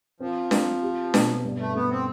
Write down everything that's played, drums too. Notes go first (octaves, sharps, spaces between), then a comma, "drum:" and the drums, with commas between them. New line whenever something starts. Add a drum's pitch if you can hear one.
F3 C4
C4, drum: snare D4
G4
B2, drum: snare D4
G2
A3
A3 B3
C4